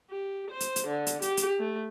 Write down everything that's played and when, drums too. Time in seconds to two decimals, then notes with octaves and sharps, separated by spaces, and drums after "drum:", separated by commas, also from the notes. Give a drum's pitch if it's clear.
0.11 G4
0.50 C5
0.60 drum: hi-hat
0.76 drum: hi-hat
0.87 D3
1.07 drum: hi-hat
1.22 G4, drum: hi-hat
1.37 drum: hi-hat
1.59 A3